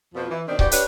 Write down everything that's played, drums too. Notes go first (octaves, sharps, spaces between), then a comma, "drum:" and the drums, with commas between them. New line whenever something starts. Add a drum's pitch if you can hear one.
F2 B2 F3
E3
B2 D#3 C4 D4
E3 F#4 G4 D5, drum: kick C#1
D4 G4 B4 C#5 D5, drum: hi-hat